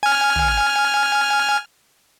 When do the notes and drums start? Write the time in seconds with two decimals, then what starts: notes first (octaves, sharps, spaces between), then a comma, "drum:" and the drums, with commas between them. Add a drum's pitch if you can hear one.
0.03 G#5 F6
0.36 drum: tom